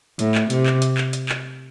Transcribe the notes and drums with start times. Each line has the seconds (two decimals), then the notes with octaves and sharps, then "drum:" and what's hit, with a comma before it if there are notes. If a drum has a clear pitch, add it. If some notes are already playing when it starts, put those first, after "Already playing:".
0.19 A2, drum: hi-hat
0.35 drum: clap
0.50 C3, drum: hi-hat
0.66 drum: clap
0.82 drum: hi-hat
0.97 drum: clap
1.13 drum: hi-hat
1.29 drum: clap